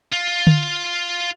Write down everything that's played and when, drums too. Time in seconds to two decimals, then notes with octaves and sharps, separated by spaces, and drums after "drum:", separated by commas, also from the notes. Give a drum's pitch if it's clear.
0.13 F4
0.47 drum: tom D3